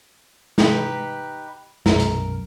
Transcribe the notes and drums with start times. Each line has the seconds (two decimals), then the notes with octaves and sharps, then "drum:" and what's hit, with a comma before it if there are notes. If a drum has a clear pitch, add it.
0.58 D#4 G4 B4, drum: snare
1.86 B1 F#2 A#4, drum: snare
2.00 drum: hi-hat